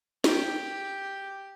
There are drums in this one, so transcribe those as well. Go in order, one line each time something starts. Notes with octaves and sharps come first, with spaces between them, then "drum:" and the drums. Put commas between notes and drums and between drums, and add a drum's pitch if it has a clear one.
G4, drum: snare